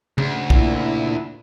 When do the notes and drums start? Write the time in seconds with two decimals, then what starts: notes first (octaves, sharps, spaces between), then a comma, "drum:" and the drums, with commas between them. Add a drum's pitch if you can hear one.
0.18 D2 C#3
0.50 A#2 E4, drum: kick B1